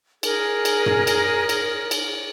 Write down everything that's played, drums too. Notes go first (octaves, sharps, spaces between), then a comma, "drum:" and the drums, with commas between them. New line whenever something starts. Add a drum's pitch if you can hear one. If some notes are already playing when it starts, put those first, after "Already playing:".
G#4 A#4, drum: cymbal
drum: cymbal
drum: tom
drum: cymbal
drum: cymbal
drum: cymbal